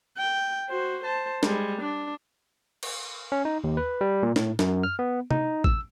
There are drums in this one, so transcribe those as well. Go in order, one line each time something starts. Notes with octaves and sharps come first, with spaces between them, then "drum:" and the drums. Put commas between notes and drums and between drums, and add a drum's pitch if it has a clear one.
G5
F#4 C5
C5 A5
G3 G#3, drum: snare
D4
drum: cymbal
C#4
D#4
D#2
B4
G3
A#2
A2, drum: snare
F#2, drum: snare
F6
B3
D#4, drum: tom C3
E6, drum: kick A1